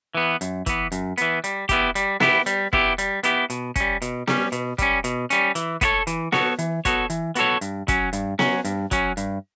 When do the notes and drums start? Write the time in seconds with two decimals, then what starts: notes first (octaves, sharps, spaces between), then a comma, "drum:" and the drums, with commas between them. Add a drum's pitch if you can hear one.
0.15 E3 B3
0.41 F#2, drum: hi-hat
0.66 E3 B3, drum: kick, hi-hat
0.92 F#2, drum: hi-hat
1.18 E3 B3, drum: hi-hat
1.44 G3, drum: hi-hat
1.69 B3 E4 G4, drum: kick, hi-hat
1.95 G3, drum: hi-hat
2.20 B3 E4 G4, drum: snare B3
2.46 G3, drum: hi-hat
2.73 B3 E4 G4, drum: kick
2.98 G3, drum: hi-hat
3.23 B3 E4 G4, drum: hi-hat
3.50 B2, drum: hi-hat
3.76 G3 C#4, drum: kick, hi-hat
4.02 B2, drum: hi-hat
4.27 G3 C#4, drum: snare B3
4.52 B2, drum: hi-hat
4.78 G3 C#4, drum: kick, hi-hat
5.04 B2, drum: hi-hat
5.30 G3 C#4, drum: hi-hat
5.55 E3, drum: hi-hat
5.81 B3 F#4 A4 C#5, drum: kick, hi-hat
6.07 E3, drum: hi-hat
6.32 B3 F#4 A4 C#5, drum: snare B3
6.59 E3, drum: hi-hat
6.85 B3 F#4 A4 C#5, drum: kick, hi-hat
7.10 E3, drum: hi-hat
7.35 B3 F#4 A4 C#5, drum: hi-hat
7.61 G2, drum: hi-hat
7.88 F#3 C#4, drum: kick, hi-hat
8.13 G2, drum: hi-hat
8.39 F#3 C#4, drum: snare B3
8.65 G2, drum: hi-hat
8.91 F#3 C#4, drum: kick, hi-hat
9.17 G2, drum: hi-hat